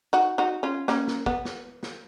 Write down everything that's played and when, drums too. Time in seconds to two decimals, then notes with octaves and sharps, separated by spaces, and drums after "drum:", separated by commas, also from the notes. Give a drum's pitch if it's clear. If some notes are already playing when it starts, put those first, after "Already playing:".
0.13 D#4 F#4
0.38 D#4 F#4
0.63 C#4 F4
0.88 A#3 C#4, drum: snare
1.08 drum: snare
1.26 B3, drum: kick
1.45 drum: snare
1.83 drum: snare